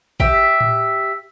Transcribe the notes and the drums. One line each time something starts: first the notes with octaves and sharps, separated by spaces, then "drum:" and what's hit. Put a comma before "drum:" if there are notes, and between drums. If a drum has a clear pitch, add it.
G4 E5, drum: kick G#1
drum: tom A2